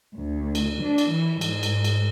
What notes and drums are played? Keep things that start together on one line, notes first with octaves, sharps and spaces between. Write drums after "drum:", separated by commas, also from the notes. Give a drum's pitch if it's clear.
D2
drum: cymbal
D4
drum: cymbal
E3
G#2, drum: cymbal
drum: cymbal
drum: cymbal